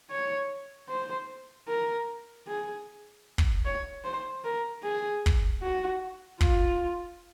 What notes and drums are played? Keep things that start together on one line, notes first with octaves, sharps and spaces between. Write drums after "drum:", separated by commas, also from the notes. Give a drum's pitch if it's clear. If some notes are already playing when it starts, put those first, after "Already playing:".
C#5
C5
A#4
G#4
drum: kick
C#5
C5
A#4
G#4
drum: kick
F#4
F4, drum: kick